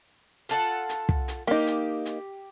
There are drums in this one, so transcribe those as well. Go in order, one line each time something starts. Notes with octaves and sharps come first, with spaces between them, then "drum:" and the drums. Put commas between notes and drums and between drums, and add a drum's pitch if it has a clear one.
F4 A4 F#5
drum: hi-hat
drum: kick
drum: hi-hat
A#3 D#4 G4
drum: hi-hat
drum: hi-hat